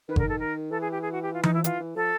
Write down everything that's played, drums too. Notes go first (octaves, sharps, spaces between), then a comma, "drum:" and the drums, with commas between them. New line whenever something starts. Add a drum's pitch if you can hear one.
D#3 B4
D3 A#4, drum: kick G1
D#3
A4
A#4
E3 A4
G#4
G4
G#4
F#4
G4
F4
D#4, drum: tom E3
F3 E4
E3 F4, drum: hi-hat
E3
F3 A4